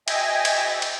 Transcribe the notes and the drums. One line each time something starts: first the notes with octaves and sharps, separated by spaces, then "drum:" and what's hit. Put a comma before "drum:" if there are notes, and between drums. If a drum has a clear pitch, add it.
D#5 E5 G5 G#5, drum: cymbal
drum: cymbal
drum: cymbal